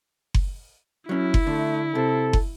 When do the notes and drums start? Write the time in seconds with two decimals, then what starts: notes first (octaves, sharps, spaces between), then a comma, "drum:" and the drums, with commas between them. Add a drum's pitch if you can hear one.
0.34 drum: kick F#1
1.09 F#3 C#4 E4
1.34 drum: kick F#1
1.47 D3 A3
1.95 C3 A4
2.33 drum: kick F#1